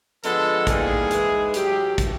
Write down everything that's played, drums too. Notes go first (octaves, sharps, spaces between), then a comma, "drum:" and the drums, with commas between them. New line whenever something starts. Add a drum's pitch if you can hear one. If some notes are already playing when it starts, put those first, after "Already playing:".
D3 F3 G#3 B3 A4, drum: hi-hat
G#2 E3 G3 A#3 G#4, drum: kick, hi-hat
G#2 E3 G#3, drum: hi-hat
A2 F#3 A3 G4, drum: hi-hat
drum: kick, hi-hat